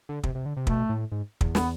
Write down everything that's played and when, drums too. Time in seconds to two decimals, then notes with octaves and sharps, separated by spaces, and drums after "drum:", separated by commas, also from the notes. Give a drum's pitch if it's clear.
0.09 D3
0.23 C3, drum: kick
0.35 C3
0.46 D3
0.57 C3
0.67 B2 A3, drum: kick
0.89 A2
1.12 G#2
1.41 E2, drum: kick
1.55 B3, drum: snare